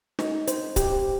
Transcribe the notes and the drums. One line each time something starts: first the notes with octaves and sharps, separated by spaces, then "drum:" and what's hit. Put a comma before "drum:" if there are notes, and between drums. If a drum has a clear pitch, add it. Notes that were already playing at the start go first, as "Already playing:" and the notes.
D#4, drum: snare
C5, drum: hi-hat
G4, drum: kick C#1, hi-hat